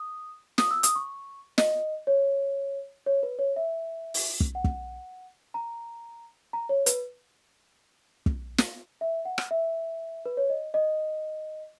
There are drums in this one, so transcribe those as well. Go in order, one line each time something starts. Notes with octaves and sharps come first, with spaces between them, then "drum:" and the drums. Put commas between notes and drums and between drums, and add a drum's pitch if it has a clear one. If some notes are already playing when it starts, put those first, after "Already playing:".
Already playing: D#6
D#6, drum: snare
E6
D#6, drum: hi-hat
C#6
D#5, drum: snare
C#5
C#5
B4
C#5
E5
drum: open hi-hat
drum: kick
F#5
drum: kick
A#5
A#5
C#5
B4, drum: hi-hat
drum: kick
drum: snare
E5
F#5
drum: rim click
E5
B4
C#5
D#5
D#5